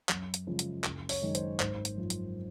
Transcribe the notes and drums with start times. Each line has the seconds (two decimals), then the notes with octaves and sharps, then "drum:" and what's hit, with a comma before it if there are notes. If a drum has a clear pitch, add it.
0.09 F#2, drum: clap
0.34 drum: hi-hat
0.47 C#3 F3 G#3
0.59 drum: hi-hat
0.84 F#1, drum: clap
1.09 C#5, drum: open hi-hat
1.22 F#2 D#3 G#3
1.35 C5, drum: hi-hat
1.60 G#1 C5, drum: clap
1.85 drum: hi-hat
1.97 F#2 F3
2.10 drum: hi-hat